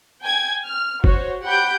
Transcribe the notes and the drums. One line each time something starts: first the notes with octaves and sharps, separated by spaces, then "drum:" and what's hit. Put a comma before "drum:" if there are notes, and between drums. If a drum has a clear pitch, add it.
G5 G#5 G#6
F6
F#4 C5 C#5, drum: kick
G4 F#5 B5 G6 D7